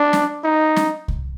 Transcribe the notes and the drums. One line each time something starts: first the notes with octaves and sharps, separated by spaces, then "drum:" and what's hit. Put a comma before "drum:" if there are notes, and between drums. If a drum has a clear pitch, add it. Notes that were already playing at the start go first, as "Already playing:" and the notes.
Already playing: D4
drum: snare
D#4
drum: snare
drum: kick C2